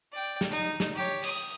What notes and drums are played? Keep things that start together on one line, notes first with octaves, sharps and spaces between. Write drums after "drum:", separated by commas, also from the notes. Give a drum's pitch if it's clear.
D5 G5
drum: snare
D#4
drum: snare
G4 C#5
D#6, drum: cymbal